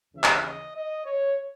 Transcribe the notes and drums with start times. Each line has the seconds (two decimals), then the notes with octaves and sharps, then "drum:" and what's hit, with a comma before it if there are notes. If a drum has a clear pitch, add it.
0.14 D#2 C#3 E3 E5
0.24 drum: clap
0.44 D#5
0.74 D#5
1.04 C#5